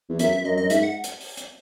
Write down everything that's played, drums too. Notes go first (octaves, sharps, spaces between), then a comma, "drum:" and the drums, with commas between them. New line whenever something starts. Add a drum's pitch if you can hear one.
E2
F#2 E5, drum: hi-hat
E5
F#2 D#5
F#2 D#5
G#2 E5, drum: hi-hat
F#5
drum: hi-hat
drum: open hi-hat
drum: hi-hat